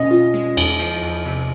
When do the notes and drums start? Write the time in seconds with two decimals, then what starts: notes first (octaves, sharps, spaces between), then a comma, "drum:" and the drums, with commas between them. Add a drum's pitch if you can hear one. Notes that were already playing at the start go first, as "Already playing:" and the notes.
Already playing: B2 C#4 D#5
0.11 F4
0.34 G#3
0.57 E2, drum: cymbal
0.79 F3
1.02 E2
1.25 C3